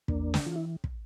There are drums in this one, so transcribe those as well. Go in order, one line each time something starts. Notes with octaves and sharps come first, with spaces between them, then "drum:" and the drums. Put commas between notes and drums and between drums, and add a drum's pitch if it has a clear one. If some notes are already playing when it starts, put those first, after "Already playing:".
E2 A#3 D4, drum: kick
drum: snare
E3 F4
E4
drum: kick